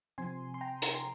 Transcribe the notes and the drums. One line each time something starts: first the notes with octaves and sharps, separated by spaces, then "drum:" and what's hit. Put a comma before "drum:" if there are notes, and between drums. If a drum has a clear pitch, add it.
C3 F3 C4 G#5 C6
C6
G5 A#5
A#5, drum: hi-hat
C6